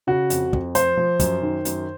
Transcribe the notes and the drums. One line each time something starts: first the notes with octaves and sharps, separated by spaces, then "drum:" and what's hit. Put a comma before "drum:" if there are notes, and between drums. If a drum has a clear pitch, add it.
C#3 F#4
F2, drum: hi-hat
F2, drum: kick
F3 C5, drum: hi-hat
F3
F#2, drum: kick, hi-hat
D#3
F#2, drum: hi-hat